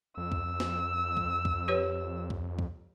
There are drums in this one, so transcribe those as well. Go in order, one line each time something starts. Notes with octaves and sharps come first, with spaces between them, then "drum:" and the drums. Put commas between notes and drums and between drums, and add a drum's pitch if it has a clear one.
F2 E6
drum: kick
drum: snare
drum: kick
drum: kick
G4 B4 C#5
drum: kick
drum: kick